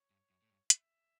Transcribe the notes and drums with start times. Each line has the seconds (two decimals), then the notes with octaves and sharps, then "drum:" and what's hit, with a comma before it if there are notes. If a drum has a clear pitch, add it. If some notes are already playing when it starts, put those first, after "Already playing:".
Already playing: C#5
0.10 G2
0.30 F#2
0.42 A2
0.50 G2
0.70 E5, drum: hi-hat